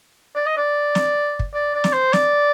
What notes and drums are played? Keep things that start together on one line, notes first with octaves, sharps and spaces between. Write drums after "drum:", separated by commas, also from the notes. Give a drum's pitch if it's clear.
D5
D#5
D5
drum: snare
drum: kick
D5
D5
drum: snare
C5
D5, drum: snare